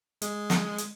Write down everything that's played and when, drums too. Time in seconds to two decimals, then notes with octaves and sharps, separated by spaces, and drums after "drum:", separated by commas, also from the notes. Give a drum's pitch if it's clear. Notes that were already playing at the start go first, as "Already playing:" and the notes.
0.22 G#3, drum: hi-hat
0.50 drum: snare
0.78 drum: hi-hat